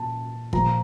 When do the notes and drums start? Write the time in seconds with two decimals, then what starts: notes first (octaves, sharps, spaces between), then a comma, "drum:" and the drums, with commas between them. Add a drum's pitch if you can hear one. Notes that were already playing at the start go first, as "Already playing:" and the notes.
Already playing: A#2 A5
0.53 A#2 F3 A#5, drum: kick